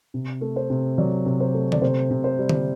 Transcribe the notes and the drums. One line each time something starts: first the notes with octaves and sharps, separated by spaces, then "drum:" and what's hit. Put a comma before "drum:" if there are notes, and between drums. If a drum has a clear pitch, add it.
C3
A3
C5
C3
F#3 D5
C3
C5
A3
D5, drum: tom D3
C3 C5
C3
C5
G3
drum: tom D3